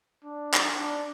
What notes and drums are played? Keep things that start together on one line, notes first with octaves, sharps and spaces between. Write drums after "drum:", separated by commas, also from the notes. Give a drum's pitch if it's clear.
D4
drum: clap
D4